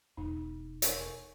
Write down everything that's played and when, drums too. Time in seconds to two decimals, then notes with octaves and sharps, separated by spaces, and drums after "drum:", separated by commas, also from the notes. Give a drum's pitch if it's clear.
0.17 E1 D#4
0.82 A#4 C#5 G#5 C6 C#6, drum: hi-hat